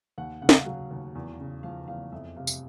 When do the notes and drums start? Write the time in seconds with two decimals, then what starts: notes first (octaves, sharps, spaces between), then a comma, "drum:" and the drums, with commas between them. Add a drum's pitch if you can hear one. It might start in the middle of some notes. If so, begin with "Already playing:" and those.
0.18 D#2 F#5
0.42 C#3 F#5
0.49 F5, drum: snare
0.57 F#5
0.66 F#3 F5
0.91 D#2
1.15 E2
1.39 C#3
1.63 F3 F5
1.88 E2 F5
2.12 F2 E5
2.36 C3 F5
2.47 drum: tambourine